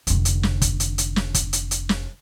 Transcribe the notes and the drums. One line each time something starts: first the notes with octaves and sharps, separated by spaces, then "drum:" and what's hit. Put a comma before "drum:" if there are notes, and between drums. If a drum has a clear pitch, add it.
F1 D3, drum: hi-hat
drum: hi-hat
drum: snare
drum: kick, hi-hat
drum: hi-hat
drum: hi-hat
drum: snare
drum: kick, hi-hat
drum: hi-hat
drum: hi-hat
drum: snare